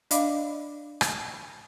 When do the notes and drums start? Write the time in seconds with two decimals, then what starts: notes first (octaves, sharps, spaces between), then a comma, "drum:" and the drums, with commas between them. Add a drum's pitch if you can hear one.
0.11 D4 D5 D#5 F5 B5 D6, drum: hi-hat
1.01 drum: rim click